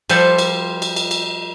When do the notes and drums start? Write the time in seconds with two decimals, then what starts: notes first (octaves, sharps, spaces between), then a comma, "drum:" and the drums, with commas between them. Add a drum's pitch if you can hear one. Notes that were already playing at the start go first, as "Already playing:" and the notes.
0.10 F3 G3 A4 B4 C5, drum: cymbal
0.38 drum: cymbal
0.82 drum: cymbal
0.96 drum: cymbal
1.11 drum: cymbal